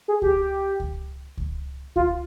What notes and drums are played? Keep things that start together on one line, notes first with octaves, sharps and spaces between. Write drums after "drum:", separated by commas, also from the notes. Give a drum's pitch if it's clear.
G#4
G4, drum: kick C#2
drum: kick C#2
drum: kick C#2
F4, drum: kick C#2